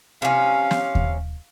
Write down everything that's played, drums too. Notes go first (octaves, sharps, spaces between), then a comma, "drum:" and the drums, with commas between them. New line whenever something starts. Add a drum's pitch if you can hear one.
C3 C#4 F5
drum: snare
drum: kick D#2